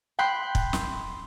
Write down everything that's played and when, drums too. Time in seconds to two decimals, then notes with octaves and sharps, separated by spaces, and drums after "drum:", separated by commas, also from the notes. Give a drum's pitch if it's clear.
0.19 G5 B5 C6 F#6 G6
0.55 drum: kick
0.73 drum: snare